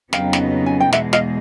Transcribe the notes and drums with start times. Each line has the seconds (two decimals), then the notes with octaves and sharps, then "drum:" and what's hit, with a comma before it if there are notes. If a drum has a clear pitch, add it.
0.13 F2 C#3 F#3 B3 D#4 F5 G5, drum: snare
0.33 drum: snare
0.66 G#5
0.80 G5
0.93 E2 B2 G#3 E5 F#5, drum: snare
1.13 D#5 F5, drum: snare